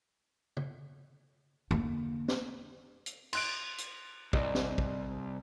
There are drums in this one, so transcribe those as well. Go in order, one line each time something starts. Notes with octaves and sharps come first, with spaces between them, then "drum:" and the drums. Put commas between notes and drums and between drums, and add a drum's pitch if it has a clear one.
drum: tom C#3
D3 A#3, drum: tom
drum: snare
drum: hi-hat
C6 F#6 D7, drum: cymbal
drum: hi-hat
C2 D5 D#5, drum: kick
drum: snare
drum: kick